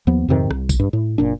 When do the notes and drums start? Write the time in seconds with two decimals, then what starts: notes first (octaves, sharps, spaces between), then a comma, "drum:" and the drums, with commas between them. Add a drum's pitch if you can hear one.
0.07 D#2 F3 B3
0.28 F2 G#2 C3 D#3
0.51 C2, drum: rim click
0.69 drum: kick A#1, tambourine
0.79 G2
0.93 A2
1.18 F#1 A#2 D4